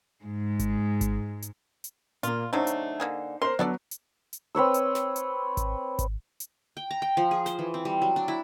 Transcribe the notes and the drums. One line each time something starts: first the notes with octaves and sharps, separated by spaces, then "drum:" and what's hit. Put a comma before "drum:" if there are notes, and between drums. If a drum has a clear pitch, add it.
G#2 G#3
drum: kick G#1, hi-hat
drum: kick G#1, hi-hat
drum: hi-hat
drum: hi-hat
A#2 A#3 F4, drum: hi-hat
C#3 F#3 A3 D4 D#4 C5
drum: hi-hat
D3 A#3 G#4
A#4 C5 C6
F#3 B3 D4 A4 D5
drum: hi-hat
drum: hi-hat
C4 B4 C#5 E6
drum: hi-hat
drum: snare
drum: hi-hat
drum: kick G#1, hi-hat
drum: kick G#1, hi-hat
drum: hi-hat
G5
A#5
G5
F3
G#4
C5, drum: snare
E3
C4
G3
F#3
D4
E4